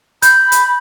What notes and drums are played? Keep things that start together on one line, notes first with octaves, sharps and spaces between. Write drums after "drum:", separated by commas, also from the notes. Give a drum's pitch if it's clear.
B5 G6, drum: hi-hat
drum: hi-hat